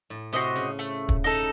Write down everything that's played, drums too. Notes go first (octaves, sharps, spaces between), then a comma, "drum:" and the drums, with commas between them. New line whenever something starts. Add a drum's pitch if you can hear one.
A2
C3 F#4 C5 D#5
C#3
A3
drum: kick
D#4 A4